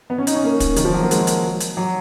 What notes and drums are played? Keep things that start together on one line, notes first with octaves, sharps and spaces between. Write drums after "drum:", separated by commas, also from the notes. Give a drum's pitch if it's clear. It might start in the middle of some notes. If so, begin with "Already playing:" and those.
B3
C#4
D#4, drum: hi-hat
C#4
A#3
drum: kick, hi-hat
D#3, drum: hi-hat
F3
F#3
A#3
G#3, drum: hi-hat
drum: hi-hat
drum: hi-hat
F#3